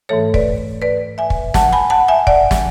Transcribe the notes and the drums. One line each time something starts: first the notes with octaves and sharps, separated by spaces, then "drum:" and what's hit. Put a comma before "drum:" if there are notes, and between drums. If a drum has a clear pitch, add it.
G#2 E3 A3 A4 C#5
B4 D5, drum: kick
B4 D5
E5 G#5
drum: kick
F#5 A5, drum: snare
G#5 B5
F#5 A5
E5 G#5
D5 F#5, drum: kick
drum: snare